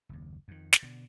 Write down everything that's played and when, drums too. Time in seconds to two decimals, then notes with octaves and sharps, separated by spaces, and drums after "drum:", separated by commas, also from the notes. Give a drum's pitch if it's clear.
0.09 F#1 D#2
0.48 F2 D#3
0.73 drum: snare
0.83 B2 D3